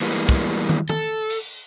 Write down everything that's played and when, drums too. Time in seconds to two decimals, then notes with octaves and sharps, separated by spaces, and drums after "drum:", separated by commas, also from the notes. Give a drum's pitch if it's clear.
0.01 E3 G3 G#3 A#3 B3
0.29 drum: kick
0.69 drum: tom
0.89 A4, drum: tom
1.30 drum: open hi-hat